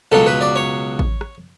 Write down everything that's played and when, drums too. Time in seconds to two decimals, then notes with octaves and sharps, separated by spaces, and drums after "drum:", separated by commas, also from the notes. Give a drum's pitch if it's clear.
0.12 C#2 B2 F#3 A4
0.27 B4
0.41 D5
0.56 C#5
0.99 drum: kick A1
1.21 drum: rim click